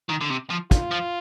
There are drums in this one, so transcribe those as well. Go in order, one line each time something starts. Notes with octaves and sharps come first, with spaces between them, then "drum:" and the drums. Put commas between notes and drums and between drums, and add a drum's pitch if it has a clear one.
D#3
D3
C3
F3
F4, drum: kick, hi-hat
F3